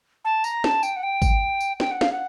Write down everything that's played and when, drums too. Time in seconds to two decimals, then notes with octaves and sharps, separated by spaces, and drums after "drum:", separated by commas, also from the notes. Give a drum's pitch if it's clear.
0.25 A5
0.44 A#5, drum: tambourine
0.64 A5, drum: snare
0.83 G5, drum: tambourine
0.96 F#5
1.03 G5
1.22 drum: kick G#1, tambourine
1.60 drum: tambourine
1.80 G5, drum: snare
1.91 F#5
2.01 F5, drum: snare
2.12 F#5